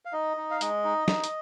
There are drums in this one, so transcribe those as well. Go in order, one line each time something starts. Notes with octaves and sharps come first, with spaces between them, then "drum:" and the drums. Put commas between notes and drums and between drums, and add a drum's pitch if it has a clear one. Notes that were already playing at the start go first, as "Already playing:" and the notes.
F5
D#4 D#5
D#4
F5
G#3 D#5, drum: hi-hat
D#4
D#4, drum: snare
drum: hi-hat